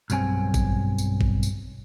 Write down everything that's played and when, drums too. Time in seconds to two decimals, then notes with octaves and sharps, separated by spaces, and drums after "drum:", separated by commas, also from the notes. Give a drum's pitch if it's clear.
0.10 B1 G2 F#3 C4 G#5, drum: tambourine
0.54 drum: kick A1, tambourine
0.98 drum: tambourine
1.21 drum: kick A1
1.43 drum: tambourine